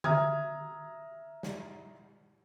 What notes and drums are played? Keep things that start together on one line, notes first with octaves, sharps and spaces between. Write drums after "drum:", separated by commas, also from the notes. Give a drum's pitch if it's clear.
E5 A#5 D#6 F6 G#6, drum: tom D3
drum: snare